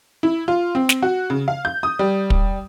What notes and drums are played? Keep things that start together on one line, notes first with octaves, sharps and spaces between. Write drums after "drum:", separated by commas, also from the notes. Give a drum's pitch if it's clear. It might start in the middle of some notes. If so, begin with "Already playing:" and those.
E4
F4
C4
drum: snare
F#4
C#3
F5
G6
D#6
G3
drum: kick